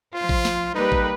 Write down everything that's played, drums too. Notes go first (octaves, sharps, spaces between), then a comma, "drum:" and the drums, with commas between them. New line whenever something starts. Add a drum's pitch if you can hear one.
F3 F4 C5
drum: kick A1
drum: snare
G3 A#3 D#4 G4 B4
drum: kick A1